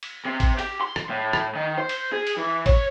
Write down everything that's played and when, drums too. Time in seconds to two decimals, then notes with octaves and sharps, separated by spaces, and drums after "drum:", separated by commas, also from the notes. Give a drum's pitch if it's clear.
0.03 drum: cymbal
0.25 C3
0.40 drum: kick A1, cymbal
0.59 G4, drum: cymbal
0.81 C6
0.96 drum: rim click
1.10 A2
1.33 drum: rim click
1.55 D#3
1.77 C5
1.89 drum: cymbal
2.12 G#4
2.27 drum: cymbal
2.37 E3
2.66 C#5, drum: kick A1, cymbal